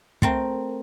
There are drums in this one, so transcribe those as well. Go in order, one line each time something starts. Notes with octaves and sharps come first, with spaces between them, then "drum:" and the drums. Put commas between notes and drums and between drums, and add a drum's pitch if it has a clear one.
A3 C4 A#4, drum: kick